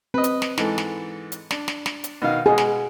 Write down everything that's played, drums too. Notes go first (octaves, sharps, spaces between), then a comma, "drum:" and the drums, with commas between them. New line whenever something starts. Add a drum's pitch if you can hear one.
C4 B4 D#5
drum: hi-hat
drum: snare
G#2 E3 A4, drum: snare
drum: snare
drum: hi-hat
D4, drum: snare
drum: snare
drum: snare
drum: hi-hat
B2 D#3 F5
B2 G#3 G#4
drum: snare